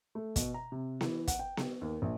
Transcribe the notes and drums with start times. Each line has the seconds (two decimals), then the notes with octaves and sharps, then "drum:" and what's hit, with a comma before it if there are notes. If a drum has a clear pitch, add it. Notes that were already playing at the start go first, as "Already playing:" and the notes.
0.15 A3
0.36 B2, drum: kick, hi-hat
0.54 A#5
0.72 C3
1.01 E3, drum: snare B3
1.27 F#5, drum: kick, hi-hat
1.39 G5
1.57 drum: snare B3
1.81 D#2
2.02 A#1